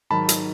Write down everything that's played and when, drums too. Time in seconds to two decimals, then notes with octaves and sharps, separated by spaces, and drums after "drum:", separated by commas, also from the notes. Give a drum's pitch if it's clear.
0.10 G#2 D#3 F#3 A5 B5
0.29 drum: hi-hat